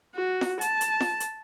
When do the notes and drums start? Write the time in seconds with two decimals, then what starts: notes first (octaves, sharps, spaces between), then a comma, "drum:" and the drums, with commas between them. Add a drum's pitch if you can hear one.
0.15 F#4
0.41 drum: snare
0.61 A5, drum: hi-hat
0.81 drum: hi-hat
1.00 drum: snare
1.20 drum: hi-hat